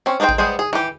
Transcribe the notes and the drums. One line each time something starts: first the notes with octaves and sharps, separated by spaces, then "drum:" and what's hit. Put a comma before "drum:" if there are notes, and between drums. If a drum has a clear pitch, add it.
C4 C#4
D4 D#4 G#4 C5 G5
drum: kick A1
G3 G#3 B3 G#4 C5
G#4
E3 G4